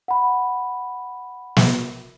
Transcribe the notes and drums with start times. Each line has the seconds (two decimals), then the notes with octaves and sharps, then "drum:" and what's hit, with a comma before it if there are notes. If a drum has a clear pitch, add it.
0.08 F#5 B5
1.56 drum: snare